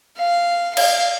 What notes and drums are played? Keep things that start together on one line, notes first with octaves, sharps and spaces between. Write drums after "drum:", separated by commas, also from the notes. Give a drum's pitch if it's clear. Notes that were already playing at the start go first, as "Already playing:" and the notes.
F5
F5, drum: cymbal